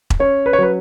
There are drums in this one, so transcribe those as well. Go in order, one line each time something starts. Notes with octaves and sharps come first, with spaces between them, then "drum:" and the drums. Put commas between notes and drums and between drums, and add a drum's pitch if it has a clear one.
drum: kick E1
C#4 C#5
B4
C#5
F#3 B4